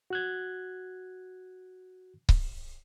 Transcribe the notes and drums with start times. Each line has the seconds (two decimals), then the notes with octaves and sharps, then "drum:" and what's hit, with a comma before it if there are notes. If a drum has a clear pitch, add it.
0.10 F#4 F#6 G#6
2.29 drum: kick C#1